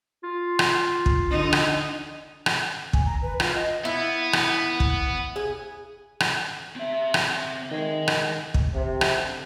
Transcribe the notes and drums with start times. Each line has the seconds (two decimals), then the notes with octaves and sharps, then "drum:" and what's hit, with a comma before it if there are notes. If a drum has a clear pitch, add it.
0.24 F4
0.59 drum: rim click
1.06 drum: kick
1.30 D3 D#4
1.53 drum: rim click
2.46 drum: rim click
2.93 G#5, drum: kick
3.06 A#5
3.22 B4
3.40 F4, drum: rim click
3.55 D#5
3.85 B3 E4
4.33 drum: rim click
4.80 drum: kick
5.36 G#4
6.20 drum: rim click
6.76 C4 E5
7.14 drum: rim click
7.71 D#3 G#4 D#5
8.08 drum: rim click
8.54 drum: kick
8.73 C3
9.01 drum: rim click
9.13 D3